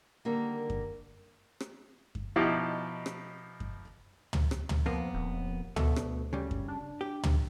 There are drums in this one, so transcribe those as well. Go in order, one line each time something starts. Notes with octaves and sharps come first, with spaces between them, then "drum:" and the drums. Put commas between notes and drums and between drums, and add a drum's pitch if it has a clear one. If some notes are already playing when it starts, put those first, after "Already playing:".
D3 D#3 G3 A#3
drum: kick F#2
drum: rim click
drum: kick F#2
B2 F3 D#4 E4 G4
drum: rim click
drum: kick F#2
drum: tom
drum: rim click
drum: tom
F2 F3 A#3 B3
D#1
D2 B2 A3, drum: tom
drum: rim click
C#3 G3
drum: kick F#2
D4
G4
drum: tom